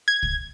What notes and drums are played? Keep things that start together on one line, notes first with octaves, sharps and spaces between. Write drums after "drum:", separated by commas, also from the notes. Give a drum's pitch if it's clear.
G#6
drum: kick